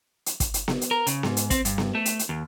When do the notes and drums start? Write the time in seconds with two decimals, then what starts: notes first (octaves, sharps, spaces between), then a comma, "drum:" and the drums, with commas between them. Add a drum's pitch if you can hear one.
0.26 drum: hi-hat
0.40 drum: kick, hi-hat
0.54 drum: hi-hat
0.68 drum: snare B3
0.81 drum: hi-hat
0.91 A#4
1.07 C#3, drum: hi-hat
1.23 G#2, drum: snare B3
1.37 drum: hi-hat
1.50 C4, drum: kick, hi-hat
1.65 G2, drum: hi-hat
1.78 drum: snare B3
1.95 A3
2.05 drum: hi-hat
2.19 drum: hi-hat
2.29 D#2